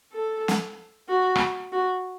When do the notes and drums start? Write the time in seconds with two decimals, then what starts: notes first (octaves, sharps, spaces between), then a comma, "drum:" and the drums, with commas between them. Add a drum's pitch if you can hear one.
0.13 A4
0.48 drum: snare
1.09 F#4
1.35 drum: rim click
1.72 F#4